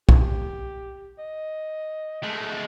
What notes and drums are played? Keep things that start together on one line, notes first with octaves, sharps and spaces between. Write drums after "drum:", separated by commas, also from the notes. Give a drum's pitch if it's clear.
G4, drum: kick
D#5
G#3 A3